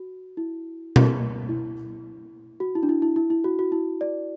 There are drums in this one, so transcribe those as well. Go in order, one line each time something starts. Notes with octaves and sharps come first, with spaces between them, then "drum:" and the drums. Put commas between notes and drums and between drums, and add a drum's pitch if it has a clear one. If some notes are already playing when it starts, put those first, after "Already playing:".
Already playing: F#4
E4
drum: tom B2
E4
F#4
E4
D4
E4
E4
E4
E4
F#4
F#4
E4
D5